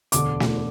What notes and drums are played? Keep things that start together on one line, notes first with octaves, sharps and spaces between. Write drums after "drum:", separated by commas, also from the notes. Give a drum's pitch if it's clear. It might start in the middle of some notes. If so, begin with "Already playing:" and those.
E1 D2 D3 D6, drum: hi-hat
drum: snare